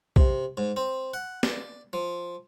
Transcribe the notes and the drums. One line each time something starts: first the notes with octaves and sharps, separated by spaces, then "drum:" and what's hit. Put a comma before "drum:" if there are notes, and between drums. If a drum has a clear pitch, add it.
C3, drum: kick
G#2
C4
F#5
D5, drum: snare
F3